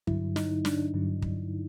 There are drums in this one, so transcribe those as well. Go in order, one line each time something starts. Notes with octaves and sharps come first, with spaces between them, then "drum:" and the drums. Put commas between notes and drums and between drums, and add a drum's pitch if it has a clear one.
G2 D3 F#3 E4, drum: kick
D#4, drum: snare
D4, drum: snare
G2 D3 F#3
drum: kick